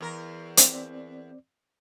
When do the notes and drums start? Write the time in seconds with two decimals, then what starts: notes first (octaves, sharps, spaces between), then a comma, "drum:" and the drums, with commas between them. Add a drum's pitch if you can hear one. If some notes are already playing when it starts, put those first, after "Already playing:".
0.01 E2 A#4
0.57 C4 D5, drum: hi-hat